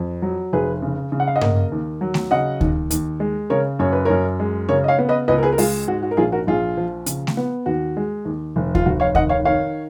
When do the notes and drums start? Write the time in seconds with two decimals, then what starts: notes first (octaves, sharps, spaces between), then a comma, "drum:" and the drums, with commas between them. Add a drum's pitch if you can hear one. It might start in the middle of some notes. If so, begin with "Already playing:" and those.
Already playing: F2
0.22 F#3
0.53 F1 G#4 B4
0.82 C#3
1.12 C#3
1.20 F#5
1.27 F5
1.36 D#5 F#5
1.41 A#3, drum: tom G2
1.72 D#2
2.01 F#3
2.14 drum: snare A3
2.31 C#3 D#5 F#5
2.61 D#2, drum: kick D2
2.91 D#2, drum: hi-hat
3.20 G#3
3.50 C#3 A#4 C#5
3.79 F#2 C#5
3.93 B4
4.05 F#2 A#4 C#5
4.40 G#3
4.69 C#3 A#4 C#5
4.84 D#5
4.88 C#5 F5
4.99 B3
5.09 B4 D#5
5.28 C#2 B4 D#5
5.38 A#4
5.43 G#4 B4
5.52 A#4
5.58 G#3 F4 G#4, drum: open hi-hat
5.88 G#2 F#4
6.03 F#4
6.11 A#4
6.17 A#1 F4 G#4
6.32 F#4 A#4
6.47 A#1 F4 G#4
6.77 F3
7.06 C#3, drum: hi-hat
7.27 drum: snare A3
7.37 B3
7.66 D#2 F#4
7.97 G#3
8.25 D#2
8.56 F1
8.75 F4, drum: kick D2
8.86 F1 F#4
9.00 C#5 F5
9.15 D#3 D#5 F#5, drum: kick D2
9.29 C#5 F5
9.45 D#3 C#5 F5